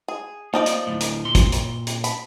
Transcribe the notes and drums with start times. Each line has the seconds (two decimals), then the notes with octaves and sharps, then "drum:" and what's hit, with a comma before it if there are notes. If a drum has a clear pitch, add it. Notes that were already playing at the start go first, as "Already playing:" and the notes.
0.08 G#4
0.54 F3 A#3 D#4 D5
0.66 drum: hi-hat
0.87 D2 A2
1.00 drum: hi-hat
1.25 A#2 C6
1.35 drum: kick, hi-hat
1.52 drum: hi-hat
1.87 drum: hi-hat
2.04 B5, drum: hi-hat